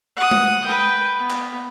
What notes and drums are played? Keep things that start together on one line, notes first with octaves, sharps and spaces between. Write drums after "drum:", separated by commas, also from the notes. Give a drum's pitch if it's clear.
F#5 D#6
drum: tom G#3
B4 G5
B3
drum: clap